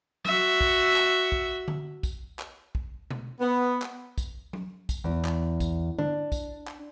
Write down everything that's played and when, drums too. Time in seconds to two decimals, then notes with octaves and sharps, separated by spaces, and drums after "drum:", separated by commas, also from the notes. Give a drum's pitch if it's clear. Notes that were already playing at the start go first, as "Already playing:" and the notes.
0.25 F#4 E5, drum: tom
0.61 drum: kick
0.96 drum: clap
1.32 drum: kick
1.68 drum: tom D3
2.03 drum: kick, tambourine
2.39 drum: clap
2.75 drum: kick
3.11 drum: tom B2
3.41 B3
3.82 drum: clap
4.18 drum: kick, tambourine
4.53 drum: tom
4.89 drum: kick, tambourine
5.04 E2
5.25 drum: clap
5.60 drum: kick, tambourine
5.99 D4, drum: tom D3
6.32 drum: kick, tambourine
6.67 drum: clap